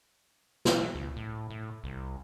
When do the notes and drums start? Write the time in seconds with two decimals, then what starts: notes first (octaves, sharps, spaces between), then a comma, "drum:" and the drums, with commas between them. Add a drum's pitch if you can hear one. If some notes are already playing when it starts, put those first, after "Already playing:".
0.65 drum: snare
0.79 F#3
0.95 C#2
1.16 A2
1.50 A2
1.84 C2